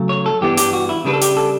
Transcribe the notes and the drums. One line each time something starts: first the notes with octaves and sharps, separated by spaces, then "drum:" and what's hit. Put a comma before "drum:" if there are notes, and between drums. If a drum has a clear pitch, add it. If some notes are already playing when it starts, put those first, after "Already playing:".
Already playing: C#3 F#3 A3
C#5
A4
G2 E3 B3 D4 G4
G4, drum: hi-hat
F#4
E4
C#3 G3 D4 B4
A4
G4, drum: hi-hat
A4